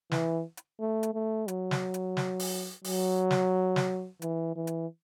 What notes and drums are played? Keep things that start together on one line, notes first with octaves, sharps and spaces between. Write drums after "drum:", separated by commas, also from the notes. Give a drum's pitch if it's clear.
E3, drum: snare
drum: hi-hat
A3
drum: hi-hat
A3
F#3, drum: hi-hat
drum: snare
drum: hi-hat
drum: snare
drum: open hi-hat
F#3, drum: open hi-hat
drum: snare
drum: snare
E3, drum: hi-hat
E3
drum: hi-hat